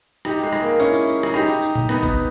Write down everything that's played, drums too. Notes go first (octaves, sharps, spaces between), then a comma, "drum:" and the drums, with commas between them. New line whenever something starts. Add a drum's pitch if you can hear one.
D#4 G4, drum: rim click
G#3
drum: rim click
A#3
C#4 E4, drum: tambourine
drum: tambourine
drum: tambourine
G#4, drum: rim click
D#4 G4, drum: rim click
drum: tambourine
drum: tambourine
drum: tom A#2
B3 D#4, drum: rim click
drum: kick A#1, tambourine